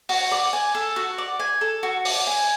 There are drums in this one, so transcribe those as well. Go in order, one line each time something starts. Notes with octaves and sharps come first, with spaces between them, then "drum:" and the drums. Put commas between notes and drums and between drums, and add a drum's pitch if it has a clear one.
F#4, drum: open hi-hat
D5
G#5
A4
F#4
D5
G#5
A4
F#4
D5, drum: open hi-hat
G#5